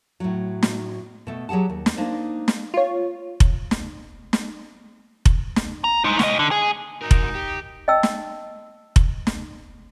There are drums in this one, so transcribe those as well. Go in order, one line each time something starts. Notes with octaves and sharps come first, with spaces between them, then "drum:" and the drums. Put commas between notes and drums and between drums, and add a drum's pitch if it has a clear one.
A2 F#3
drum: snare
B2 A3
F#3 G4 G#4 F#5 A5
D#2
drum: snare
A#3 D4 D#4 C5
drum: snare
F4 C#5
drum: kick F1
drum: snare
drum: snare
drum: kick F1
drum: snare
A#5
G#3 D#4
D2 D#5, drum: snare
D3
G#4
G#2 D#4 F#4 A#4
drum: kick F1
G4
D#5 G5 A5 E6
drum: snare
drum: kick F1
drum: snare